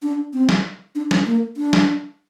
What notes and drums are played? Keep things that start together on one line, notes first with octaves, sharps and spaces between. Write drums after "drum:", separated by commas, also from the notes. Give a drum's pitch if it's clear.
D4
C4
drum: snare
D4
D4, drum: snare
A#3
D4
drum: snare